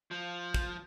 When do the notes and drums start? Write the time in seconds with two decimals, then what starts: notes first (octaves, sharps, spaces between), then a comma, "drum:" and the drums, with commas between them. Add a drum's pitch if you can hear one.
0.11 F3
0.54 drum: kick